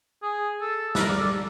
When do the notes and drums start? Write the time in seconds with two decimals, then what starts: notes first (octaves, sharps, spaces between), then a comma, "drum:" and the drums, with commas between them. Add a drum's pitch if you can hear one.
0.22 G#4
0.61 A4
0.95 B4, drum: snare
0.99 A#4
1.09 D5
1.19 A4